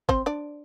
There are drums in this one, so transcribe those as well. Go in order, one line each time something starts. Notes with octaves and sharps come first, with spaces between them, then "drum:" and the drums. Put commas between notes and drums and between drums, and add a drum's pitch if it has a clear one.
C4 C5, drum: kick
D4 D5